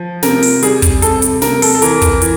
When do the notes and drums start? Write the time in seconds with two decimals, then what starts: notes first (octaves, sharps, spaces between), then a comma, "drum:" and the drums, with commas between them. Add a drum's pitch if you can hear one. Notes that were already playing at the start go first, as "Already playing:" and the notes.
Already playing: F3
0.22 C3 A#4, drum: snare
0.42 drum: open hi-hat
0.63 G3 G#4, drum: hi-hat
0.82 drum: kick, hi-hat
1.02 C3 A4, drum: hi-hat
1.22 drum: hi-hat
1.42 C3 A#4, drum: snare
1.62 A4, drum: open hi-hat
1.75 A4
1.82 E3 A#4, drum: hi-hat
2.02 drum: kick, hi-hat
2.22 E3, drum: hi-hat